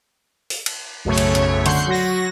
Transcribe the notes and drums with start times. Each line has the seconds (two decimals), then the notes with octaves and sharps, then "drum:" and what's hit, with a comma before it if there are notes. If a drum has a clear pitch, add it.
0.50 drum: open hi-hat
0.66 drum: cymbal
1.05 B1 F#2 C#3 A3 C#5
1.18 drum: cymbal
1.35 drum: hi-hat
1.66 D3 F#5 C6 C#6 G6, drum: hi-hat
1.86 F#3 F#4 A#6